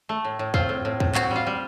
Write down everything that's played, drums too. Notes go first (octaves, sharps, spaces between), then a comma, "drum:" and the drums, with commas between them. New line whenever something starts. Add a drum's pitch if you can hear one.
A3
A2
A2
C4 F4, drum: kick
A2
A2
A2, drum: kick
C4 F#4, drum: clap
G3 F4
G3